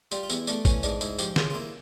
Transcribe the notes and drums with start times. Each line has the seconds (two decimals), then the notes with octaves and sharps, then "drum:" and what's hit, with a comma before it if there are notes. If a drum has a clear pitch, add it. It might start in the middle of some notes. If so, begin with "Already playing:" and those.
0.11 G3 F4, drum: tambourine
0.23 F4
0.30 E2 E4, drum: tambourine
0.47 A3 D4, drum: tambourine
0.65 E3 C#4, drum: kick, tambourine
0.83 G#2 D4, drum: tambourine
1.01 G#2 E4, drum: tambourine
1.19 F3 G4, drum: tambourine
1.36 C#3 F4, drum: snare
1.50 F4
1.54 A#3 E4